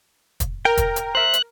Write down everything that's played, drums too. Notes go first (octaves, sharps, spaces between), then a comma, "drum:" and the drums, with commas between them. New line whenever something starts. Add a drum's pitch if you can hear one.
drum: kick, hi-hat
A#4 G5
drum: kick, hi-hat
drum: hi-hat
C5 E5 F#6
drum: hi-hat